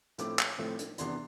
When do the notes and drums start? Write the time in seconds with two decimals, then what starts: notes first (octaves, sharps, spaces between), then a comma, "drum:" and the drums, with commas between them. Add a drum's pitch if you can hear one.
0.18 A2 F3 A3 C4 E4 D6, drum: hi-hat
0.39 drum: clap
0.58 A2 F3 A3 C4 E4
0.79 drum: hi-hat
0.98 E2 C3 E3 B3 D4 C6, drum: hi-hat